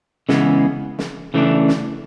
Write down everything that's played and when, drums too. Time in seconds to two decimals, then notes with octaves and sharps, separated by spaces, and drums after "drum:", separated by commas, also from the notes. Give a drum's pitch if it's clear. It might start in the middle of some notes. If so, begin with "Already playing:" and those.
0.29 C#3 E3 G#3 B3, drum: snare
0.99 drum: snare
1.34 C#3 E3 A3 D4
1.68 drum: snare